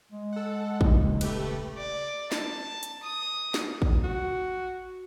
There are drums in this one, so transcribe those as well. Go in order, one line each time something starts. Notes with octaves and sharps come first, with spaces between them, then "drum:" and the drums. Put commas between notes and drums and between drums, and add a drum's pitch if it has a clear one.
G#3
A4 F#5
D#1 D#2 C#3, drum: kick
A3 G4 B4, drum: cymbal
D5
A5, drum: snare
drum: hi-hat
D#6
drum: snare
drum: kick
F#4